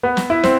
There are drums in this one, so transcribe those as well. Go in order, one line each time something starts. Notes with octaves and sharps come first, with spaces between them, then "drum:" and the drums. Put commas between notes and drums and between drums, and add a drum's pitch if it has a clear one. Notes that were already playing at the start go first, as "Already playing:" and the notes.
B3
drum: snare
E4
C4, drum: snare